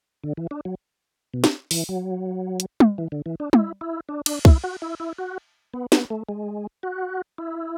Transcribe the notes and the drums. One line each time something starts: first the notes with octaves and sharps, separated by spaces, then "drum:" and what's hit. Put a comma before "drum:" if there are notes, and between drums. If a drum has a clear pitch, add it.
D3
E3
D4
F#3
B2
drum: snare
E3, drum: open hi-hat
F#3
drum: hi-hat
drum: tom
E3
D3
E3
D4
E4, drum: tom
E4
D4
D4, drum: cymbal
E4, drum: kick
F#4
E4
E4
F#4
B3
B3, drum: snare
A3
G#3
F#4
E4